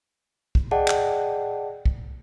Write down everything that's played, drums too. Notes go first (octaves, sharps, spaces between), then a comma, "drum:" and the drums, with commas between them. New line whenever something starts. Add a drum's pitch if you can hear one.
drum: kick
G#4 D5 D#5 F#5 G5 A5
drum: clap
drum: kick